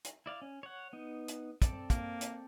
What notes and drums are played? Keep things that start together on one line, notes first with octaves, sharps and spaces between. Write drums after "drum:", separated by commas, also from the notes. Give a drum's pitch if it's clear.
drum: hi-hat
E4 D5 F5
C#4
C#5 F#5
B3 D#4
drum: hi-hat
C4 A4 D5, drum: kick, hi-hat
A#3, drum: kick, hi-hat
drum: hi-hat